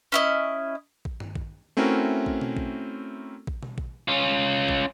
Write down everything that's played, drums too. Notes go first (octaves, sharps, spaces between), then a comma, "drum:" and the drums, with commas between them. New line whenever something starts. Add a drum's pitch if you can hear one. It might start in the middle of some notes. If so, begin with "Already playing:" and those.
C#4 E4 D#5
drum: kick A#1
drum: tom G2
drum: kick A#1
A3 C4 C#4 E4 F#4 A#4
drum: kick A#1
drum: tom B2
drum: kick A#1
drum: kick A#1
drum: tom B2
drum: kick A#1
C#4 F4
drum: kick A#1